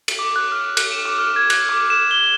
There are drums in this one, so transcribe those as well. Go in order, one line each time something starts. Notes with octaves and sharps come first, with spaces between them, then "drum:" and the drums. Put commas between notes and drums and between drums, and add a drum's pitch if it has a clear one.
drum: cymbal
D6
F#6
F6
F#6, drum: cymbal
E7
D6
F6
G#6
F#6, drum: cymbal
D6
E7
G7